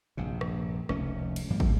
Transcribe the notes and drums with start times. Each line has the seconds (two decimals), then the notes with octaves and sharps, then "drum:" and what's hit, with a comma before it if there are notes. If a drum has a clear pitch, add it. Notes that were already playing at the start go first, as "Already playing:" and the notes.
0.17 A#1 G2 C3
0.41 drum: rim click
0.89 F1 C#2 A3 C#4, drum: rim click
1.36 drum: cymbal
1.50 G#2 F3 G3 A#3
1.60 drum: kick